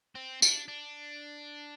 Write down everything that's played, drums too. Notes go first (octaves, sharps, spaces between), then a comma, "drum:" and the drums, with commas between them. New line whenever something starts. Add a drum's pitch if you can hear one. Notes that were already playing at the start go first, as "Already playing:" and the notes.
C4
D4, drum: tambourine
D4